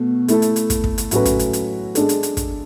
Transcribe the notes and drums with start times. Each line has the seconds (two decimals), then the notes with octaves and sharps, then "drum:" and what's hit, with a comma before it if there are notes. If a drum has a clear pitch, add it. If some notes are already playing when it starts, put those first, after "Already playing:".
Already playing: B2 A3
0.28 A3 E4 A4, drum: hi-hat
0.42 drum: hi-hat
0.56 drum: hi-hat
0.70 drum: kick, hi-hat
0.84 drum: kick
0.98 drum: hi-hat
1.11 A2 F#3 C#4 F#4 B4, drum: hi-hat
1.25 drum: kick, hi-hat
1.39 drum: hi-hat
1.53 drum: hi-hat
1.95 G#3 D4 A4, drum: hi-hat
2.09 drum: hi-hat
2.23 drum: hi-hat
2.37 drum: kick, hi-hat